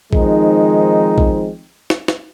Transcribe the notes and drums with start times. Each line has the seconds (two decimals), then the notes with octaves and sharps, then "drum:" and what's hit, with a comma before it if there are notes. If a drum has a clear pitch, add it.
0.13 D#3 F3 G#3 C4 D#4, drum: kick A#1
1.18 drum: kick A#1
1.90 drum: snare
2.08 drum: snare